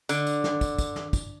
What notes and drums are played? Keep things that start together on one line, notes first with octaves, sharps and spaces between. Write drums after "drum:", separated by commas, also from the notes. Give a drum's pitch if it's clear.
D3, drum: tambourine
drum: tambourine
drum: snare
drum: kick, tambourine
drum: kick, tambourine
drum: snare
drum: kick, tambourine